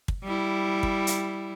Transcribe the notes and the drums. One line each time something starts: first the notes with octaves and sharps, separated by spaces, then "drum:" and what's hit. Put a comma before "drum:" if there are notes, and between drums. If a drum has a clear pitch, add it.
drum: kick
G3 E4
drum: kick
drum: hi-hat